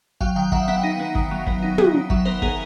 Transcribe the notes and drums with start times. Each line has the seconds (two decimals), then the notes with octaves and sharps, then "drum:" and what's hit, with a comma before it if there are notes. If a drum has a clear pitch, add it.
0.21 F#3 F5 G5, drum: kick
0.36 D#3 F5 G5
0.52 D#3 E5 F#5, drum: kick
0.68 B3 E5 F#5
0.83 D#4
1.00 B3
1.15 D#3, drum: kick
1.31 F#3
1.47 B3, drum: kick
1.62 D#4
1.78 B3, drum: tom
1.94 D#3
2.10 F#3 E5 F#5, drum: kick
2.25 B3 A#4 C5
2.42 B3 G#4 A#4, drum: kick